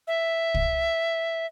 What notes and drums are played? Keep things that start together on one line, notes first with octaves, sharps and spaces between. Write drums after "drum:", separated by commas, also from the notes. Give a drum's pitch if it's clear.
E5
drum: kick